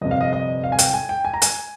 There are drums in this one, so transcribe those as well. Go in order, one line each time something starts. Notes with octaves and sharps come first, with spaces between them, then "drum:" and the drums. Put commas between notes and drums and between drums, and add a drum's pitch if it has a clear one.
G1 F2 C3 D#5
F5
D#5
D#5
F5
G#5
G5, drum: hi-hat
G#5
G5
G#5
A#5
G#5, drum: hi-hat